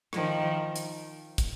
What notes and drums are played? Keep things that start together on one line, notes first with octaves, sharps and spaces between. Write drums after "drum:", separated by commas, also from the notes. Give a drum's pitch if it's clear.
D#3 F3, drum: rim click
drum: hi-hat
drum: kick, hi-hat